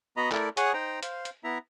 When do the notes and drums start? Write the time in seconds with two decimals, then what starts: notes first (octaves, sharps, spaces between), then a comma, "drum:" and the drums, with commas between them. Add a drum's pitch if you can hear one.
0.17 B3 F#4 D#5 A#5 B5
0.32 A3 E4 A4 A#4 D5, drum: clap
0.57 G#4 C#5 F#5 G#5 C#6 D#6, drum: hi-hat
0.74 D#4 C5 G5 A#5
1.03 C5 F5, drum: hi-hat
1.25 drum: hi-hat
1.44 B3 E4 E5 A#5